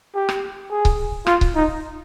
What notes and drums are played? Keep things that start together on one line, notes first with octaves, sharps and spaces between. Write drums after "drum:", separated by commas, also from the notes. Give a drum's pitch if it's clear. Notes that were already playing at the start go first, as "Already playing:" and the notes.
G4
drum: rim click
G#4
drum: kick C#1
F4, drum: rim click
drum: kick C#1
D#4